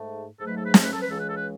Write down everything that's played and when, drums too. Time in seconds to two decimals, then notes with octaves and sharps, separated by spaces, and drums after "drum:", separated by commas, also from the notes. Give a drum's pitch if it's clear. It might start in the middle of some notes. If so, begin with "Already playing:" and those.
Already playing: G#2 A3
0.39 G#2 F#3 A3 A4
0.47 B4
0.57 A4
0.65 B4
0.74 A4, drum: snare
0.84 B4
0.92 A4
1.01 B4
1.06 C#2 C#3 E3 G#3 A4
1.19 B4
1.28 A4
1.37 B4